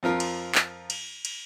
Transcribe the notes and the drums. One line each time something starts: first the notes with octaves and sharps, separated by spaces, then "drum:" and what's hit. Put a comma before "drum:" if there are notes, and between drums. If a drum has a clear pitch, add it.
F2 F3 F4 A#4
drum: cymbal
drum: clap
drum: cymbal
drum: cymbal